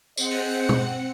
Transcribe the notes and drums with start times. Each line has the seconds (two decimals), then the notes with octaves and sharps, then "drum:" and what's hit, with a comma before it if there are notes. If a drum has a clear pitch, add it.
0.17 C4 G#4 C5 D#5 F#5 C#7, drum: tambourine
0.31 drum: open hi-hat
0.69 drum: tom B2